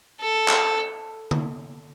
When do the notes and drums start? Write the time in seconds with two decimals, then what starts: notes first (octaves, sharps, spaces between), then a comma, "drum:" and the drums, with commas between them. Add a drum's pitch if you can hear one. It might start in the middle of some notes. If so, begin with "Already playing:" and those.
0.21 A4
0.48 drum: clap
1.31 drum: tom D3